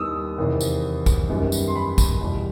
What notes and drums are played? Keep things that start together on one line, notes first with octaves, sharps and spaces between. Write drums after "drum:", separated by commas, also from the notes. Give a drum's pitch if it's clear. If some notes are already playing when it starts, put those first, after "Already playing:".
Already playing: D#2 D#3 G3 B3 D#6 E6
E2 C3 D#3
drum: tambourine
drum: kick, tambourine
F#2 D#3 G3 B3
drum: tambourine
C6
B5
drum: kick, tambourine
E2 B2 G3